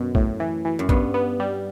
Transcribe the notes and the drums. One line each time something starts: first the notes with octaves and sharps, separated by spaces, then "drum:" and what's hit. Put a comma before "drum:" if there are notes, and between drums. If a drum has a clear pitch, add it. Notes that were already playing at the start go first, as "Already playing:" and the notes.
Already playing: F#2 B2
A2, drum: kick A#1
E3
E3
F#2
G2 B3, drum: kick A#1
B3
G3